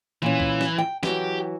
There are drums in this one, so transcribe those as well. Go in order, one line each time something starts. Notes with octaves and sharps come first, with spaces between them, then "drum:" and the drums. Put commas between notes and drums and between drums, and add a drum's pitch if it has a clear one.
A#2 E3 C#4
drum: kick
drum: snare
G5
E3 F#3 F#4 G4, drum: snare